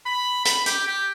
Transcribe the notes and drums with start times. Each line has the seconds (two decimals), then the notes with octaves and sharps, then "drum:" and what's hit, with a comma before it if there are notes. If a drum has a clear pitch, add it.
0.06 B5
0.45 B5, drum: hi-hat
0.66 G4, drum: hi-hat
0.87 G4